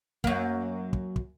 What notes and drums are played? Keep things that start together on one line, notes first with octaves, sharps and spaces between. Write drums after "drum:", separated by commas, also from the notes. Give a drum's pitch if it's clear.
F#2 A#3, drum: kick
drum: kick
drum: kick